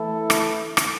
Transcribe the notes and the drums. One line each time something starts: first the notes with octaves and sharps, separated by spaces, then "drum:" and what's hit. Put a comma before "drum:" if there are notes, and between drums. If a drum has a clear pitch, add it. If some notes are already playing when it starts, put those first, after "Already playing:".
Already playing: E3 A3 E4 A4
drum: rim click
drum: rim click